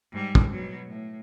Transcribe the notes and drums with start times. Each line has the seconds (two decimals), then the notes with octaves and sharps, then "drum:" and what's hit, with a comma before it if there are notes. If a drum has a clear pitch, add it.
0.12 G#2 G3
0.35 drum: kick
0.50 B2 F#3
0.88 A2